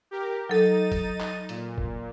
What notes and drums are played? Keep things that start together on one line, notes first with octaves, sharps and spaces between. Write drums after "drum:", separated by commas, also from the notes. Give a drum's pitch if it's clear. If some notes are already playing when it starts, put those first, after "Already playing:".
G4 A#4
F#3 D#4 A4 A6 D#7
drum: kick F1, hi-hat
drum: clap
A#2, drum: hi-hat
drum: kick F1